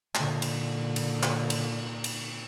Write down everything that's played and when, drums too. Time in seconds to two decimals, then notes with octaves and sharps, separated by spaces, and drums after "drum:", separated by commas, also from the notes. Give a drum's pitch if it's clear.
0.15 A#2 D3, drum: clap
0.42 drum: cymbal
0.96 drum: cymbal
1.23 drum: clap
1.50 drum: cymbal
2.04 drum: cymbal